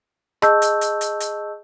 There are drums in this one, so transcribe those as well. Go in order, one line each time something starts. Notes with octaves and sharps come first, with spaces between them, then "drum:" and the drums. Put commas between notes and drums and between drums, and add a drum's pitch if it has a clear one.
G#4 D#5 A5 C#6 E6 G6, drum: rim click
drum: hi-hat
drum: hi-hat
drum: hi-hat
drum: hi-hat